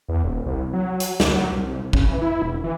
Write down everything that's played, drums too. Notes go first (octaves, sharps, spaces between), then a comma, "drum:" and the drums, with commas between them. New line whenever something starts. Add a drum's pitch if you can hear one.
E2
D#1
C2
F#3
drum: hi-hat
D2, drum: snare
F#3
C2
C#3, drum: kick
E3
E4
E1
E3